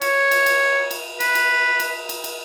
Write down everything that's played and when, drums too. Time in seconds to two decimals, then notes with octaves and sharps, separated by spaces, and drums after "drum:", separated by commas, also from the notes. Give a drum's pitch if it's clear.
0.02 C#5, drum: cymbal
0.31 drum: cymbal
0.46 drum: cymbal
0.91 drum: cymbal
1.20 B4, drum: cymbal
1.35 drum: cymbal
1.80 drum: cymbal
2.09 drum: cymbal
2.24 drum: cymbal